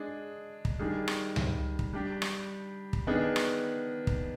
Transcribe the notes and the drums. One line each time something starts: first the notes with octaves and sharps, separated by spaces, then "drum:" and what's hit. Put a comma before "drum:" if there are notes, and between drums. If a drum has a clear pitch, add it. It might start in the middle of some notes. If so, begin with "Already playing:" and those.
Already playing: G#3 D4 G#4
drum: kick
D#3 G3 D4 G#4
drum: rim click
drum: tom C#2
drum: kick
G3 D4 G4
drum: rim click
drum: kick
D#3 B3 D4 G#4
drum: rim click
drum: kick